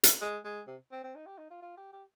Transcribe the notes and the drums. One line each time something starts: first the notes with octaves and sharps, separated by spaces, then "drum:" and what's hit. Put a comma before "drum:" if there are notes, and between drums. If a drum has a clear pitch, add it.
drum: hi-hat
G#3
G#3
C3
C4
C4
D#4
G4
D#4
F4
F4
G4
G4